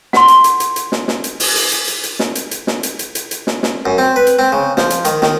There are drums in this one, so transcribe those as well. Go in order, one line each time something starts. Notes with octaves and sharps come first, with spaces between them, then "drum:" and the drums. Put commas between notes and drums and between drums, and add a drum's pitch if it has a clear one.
F#5 C6, drum: snare
drum: hi-hat
drum: hi-hat
drum: hi-hat
drum: hi-hat
drum: snare
drum: snare
drum: hi-hat
drum: open hi-hat
drum: hi-hat
drum: hi-hat
drum: hi-hat
drum: hi-hat
drum: snare
drum: hi-hat
drum: hi-hat
drum: snare
drum: hi-hat
drum: hi-hat
drum: hi-hat
drum: hi-hat
drum: snare
drum: snare
F#2
C4
B4
drum: hi-hat
C4
C#3
F3, drum: snare
drum: hi-hat
D#3, drum: hi-hat
D#3, drum: snare